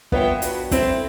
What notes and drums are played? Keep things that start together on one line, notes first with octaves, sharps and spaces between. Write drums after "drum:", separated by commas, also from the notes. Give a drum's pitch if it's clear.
B3 F4 A#4 C#5 E5 G5, drum: kick
D4 F#4 B4, drum: hi-hat
C4 E4 A4 C5, drum: kick, hi-hat